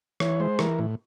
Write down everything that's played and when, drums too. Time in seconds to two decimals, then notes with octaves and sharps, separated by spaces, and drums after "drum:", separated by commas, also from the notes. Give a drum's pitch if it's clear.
0.20 E3 C#5, drum: rim click
0.40 G#3 C5
0.59 E3 A#4, drum: rim click
0.79 A2